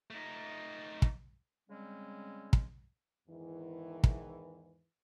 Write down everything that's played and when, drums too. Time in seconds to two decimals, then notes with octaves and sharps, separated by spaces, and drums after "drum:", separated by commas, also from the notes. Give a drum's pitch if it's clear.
0.11 A3 D#4
1.02 drum: kick
1.69 C#3 G3 G#3 C4 C#4
2.53 drum: kick
3.28 E2 G#2 D#3 E3
4.04 drum: kick